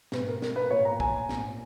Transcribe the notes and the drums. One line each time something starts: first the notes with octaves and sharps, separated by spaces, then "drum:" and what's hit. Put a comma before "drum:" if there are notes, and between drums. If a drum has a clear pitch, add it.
B2 B4, drum: snare
A#4
A#4, drum: snare
B4
A#2 C#5
A#5
G#5, drum: kick
A#2, drum: snare